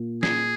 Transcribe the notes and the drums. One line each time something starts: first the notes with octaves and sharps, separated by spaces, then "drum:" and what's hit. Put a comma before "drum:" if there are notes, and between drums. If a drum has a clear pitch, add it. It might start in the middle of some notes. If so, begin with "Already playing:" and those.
Already playing: A#2 A#3 F4
G#4, drum: snare